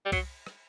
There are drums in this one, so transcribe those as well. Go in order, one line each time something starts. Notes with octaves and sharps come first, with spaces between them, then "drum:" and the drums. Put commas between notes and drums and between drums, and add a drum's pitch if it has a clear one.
G3
F#3, drum: kick C2, cymbal
drum: rim click